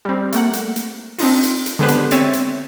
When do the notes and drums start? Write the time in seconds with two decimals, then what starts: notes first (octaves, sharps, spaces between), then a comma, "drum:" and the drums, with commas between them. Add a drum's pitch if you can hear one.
0.05 G3 C4
0.32 A3 A#3 F#5, drum: hi-hat
0.53 drum: hi-hat
0.76 drum: hi-hat
1.18 C4 D4 D#4 F4, drum: open hi-hat
1.43 drum: hi-hat
1.66 drum: hi-hat
1.79 D3 G#3 B3 G4 B4 C5
1.88 drum: hi-hat
2.11 C4 C#5 E5 A6 D#7, drum: hi-hat
2.33 drum: hi-hat